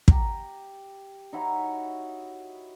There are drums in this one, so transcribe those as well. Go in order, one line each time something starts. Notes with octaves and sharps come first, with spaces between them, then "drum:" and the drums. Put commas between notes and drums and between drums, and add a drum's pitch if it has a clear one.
G4 A#5, drum: kick
D#4 E4 F#4 C#5